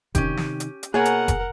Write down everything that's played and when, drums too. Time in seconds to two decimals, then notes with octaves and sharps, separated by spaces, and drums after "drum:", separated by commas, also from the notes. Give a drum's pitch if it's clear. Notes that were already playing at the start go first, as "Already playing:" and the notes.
0.15 C3 D#3 C#4 G4, drum: kick F1, hi-hat
0.37 drum: snare
0.60 drum: hi-hat
0.83 drum: hi-hat
0.94 B2 A#3 G#4 A#4 C#5 F#5 G#5
1.05 drum: hi-hat
1.28 drum: kick F1, hi-hat